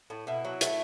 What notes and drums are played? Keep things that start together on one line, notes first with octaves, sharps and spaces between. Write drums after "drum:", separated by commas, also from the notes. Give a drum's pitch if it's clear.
A2
B2 E4
F#3
A3, drum: hi-hat